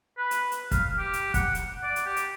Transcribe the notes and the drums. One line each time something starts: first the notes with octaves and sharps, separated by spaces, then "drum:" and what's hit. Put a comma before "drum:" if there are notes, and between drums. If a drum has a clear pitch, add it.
B4
drum: hi-hat
drum: hi-hat
F5, drum: kick, hi-hat
G4
drum: hi-hat
F#5, drum: kick, hi-hat
drum: hi-hat
D5
drum: hi-hat
G4
drum: hi-hat